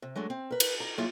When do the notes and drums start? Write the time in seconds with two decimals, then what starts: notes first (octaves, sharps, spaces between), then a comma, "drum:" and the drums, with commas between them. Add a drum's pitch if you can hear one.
0.02 C3
0.16 F#3 G#3 A3 D4
0.30 C4
0.51 A#4 B4
0.60 drum: cymbal
0.80 D#5 A#5
0.97 F#3 A#3 E4 F4 G#4